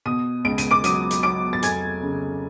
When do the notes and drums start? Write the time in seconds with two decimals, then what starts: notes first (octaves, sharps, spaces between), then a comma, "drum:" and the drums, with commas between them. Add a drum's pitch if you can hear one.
0.06 B2 D#6 D#7
0.45 C#2 D7
0.58 D#7, drum: hi-hat
0.71 D6 D7
0.84 F#3 D#6 D#7, drum: hi-hat
1.11 drum: hi-hat
1.23 F#3 D6 D7
1.53 A6
1.63 F1 G#5 G#6, drum: hi-hat
2.03 C#3